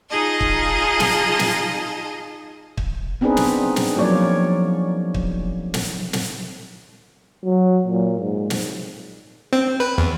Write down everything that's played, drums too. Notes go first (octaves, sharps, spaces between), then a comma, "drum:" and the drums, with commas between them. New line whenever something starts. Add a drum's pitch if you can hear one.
D#4 F4 G#4 D#5 A5
drum: kick
drum: snare
drum: snare
drum: kick
B3 C4 D4 D#4 G#4 B4
drum: snare
drum: snare
F3 F#3 A#3 C#5 D5
drum: kick
drum: snare
drum: snare
F#3
A#2
G#2
drum: snare
C4
B4
E2